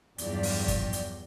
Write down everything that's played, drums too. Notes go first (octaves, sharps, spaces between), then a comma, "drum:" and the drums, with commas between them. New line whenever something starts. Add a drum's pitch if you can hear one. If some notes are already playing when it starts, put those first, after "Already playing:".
E2 G2 F3 F#3 G4 D5, drum: hi-hat
drum: open hi-hat
drum: kick, hi-hat
drum: hi-hat